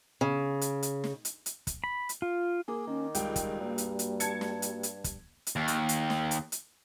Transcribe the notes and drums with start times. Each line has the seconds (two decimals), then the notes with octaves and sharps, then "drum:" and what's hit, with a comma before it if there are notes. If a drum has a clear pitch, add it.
0.21 C#3
0.61 drum: hi-hat
0.83 drum: hi-hat
1.04 drum: snare
1.25 drum: hi-hat
1.46 drum: hi-hat
1.67 drum: kick, hi-hat
1.84 B5
2.09 drum: hi-hat
2.22 F4
2.68 A#3 G#4 D6
2.88 D#3 C#4
3.15 C#2 G3 G5, drum: hi-hat
3.36 drum: kick, hi-hat
3.60 G2 A#3 F#4
3.78 drum: hi-hat
3.99 drum: hi-hat
4.20 A5 G#6 C#7, drum: hi-hat
4.41 drum: snare
4.62 drum: hi-hat
4.83 drum: hi-hat
5.04 drum: kick, hi-hat
5.47 drum: hi-hat
5.56 D#2
5.68 drum: hi-hat
5.89 drum: hi-hat
6.10 drum: snare
6.31 drum: hi-hat
6.52 drum: hi-hat